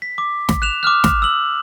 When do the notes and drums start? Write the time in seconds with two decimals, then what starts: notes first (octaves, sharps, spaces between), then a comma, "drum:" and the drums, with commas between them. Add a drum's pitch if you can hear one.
0.02 B6
0.18 D6
0.49 drum: snare
0.62 F#6 E7 F7
0.83 D6 D#6 F6 F#6
1.04 drum: snare
1.22 E6 F#7